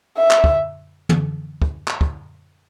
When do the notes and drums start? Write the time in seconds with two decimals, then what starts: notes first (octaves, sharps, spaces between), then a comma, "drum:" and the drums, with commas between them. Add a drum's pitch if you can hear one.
0.18 E5
0.31 drum: clap
0.44 drum: kick
1.09 drum: tom
1.62 drum: kick
1.88 drum: clap
2.01 drum: kick